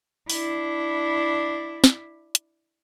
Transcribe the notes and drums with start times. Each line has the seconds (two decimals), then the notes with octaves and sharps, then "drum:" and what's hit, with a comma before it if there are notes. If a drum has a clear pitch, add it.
0.30 D4 E4, drum: open hi-hat
1.84 drum: snare
2.35 drum: hi-hat